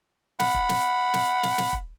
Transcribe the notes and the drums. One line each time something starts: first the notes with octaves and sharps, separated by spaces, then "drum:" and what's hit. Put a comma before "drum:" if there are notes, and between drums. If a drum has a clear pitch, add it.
F#5 B5, drum: snare
drum: kick
drum: snare
drum: snare
drum: snare
drum: snare
drum: kick